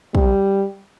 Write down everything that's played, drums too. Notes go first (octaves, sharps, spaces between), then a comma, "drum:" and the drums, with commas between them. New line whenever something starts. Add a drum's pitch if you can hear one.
G3, drum: kick